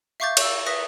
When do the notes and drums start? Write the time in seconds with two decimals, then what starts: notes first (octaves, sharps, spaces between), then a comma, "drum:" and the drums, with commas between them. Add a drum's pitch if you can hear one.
0.20 E5 F5 C#6 D6 G6 A6
0.37 C#6 E6, drum: cymbal
0.66 B4 E5 D#6 A#6 B6